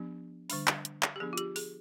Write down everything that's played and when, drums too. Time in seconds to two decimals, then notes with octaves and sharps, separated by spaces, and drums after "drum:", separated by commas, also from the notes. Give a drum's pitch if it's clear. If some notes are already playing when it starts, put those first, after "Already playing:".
Already playing: F3 B3 D4 G4
0.50 D3 G3 D4, drum: open hi-hat
0.67 drum: clap
0.85 drum: hi-hat
1.03 drum: clap
1.16 G4
1.20 F3 B3 D4 G#4
1.33 F4
1.38 G4, drum: hi-hat
1.56 G#4, drum: open hi-hat